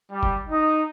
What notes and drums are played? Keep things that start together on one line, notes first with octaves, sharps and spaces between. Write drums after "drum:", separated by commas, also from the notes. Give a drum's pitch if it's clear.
G3
drum: kick F#1
D#4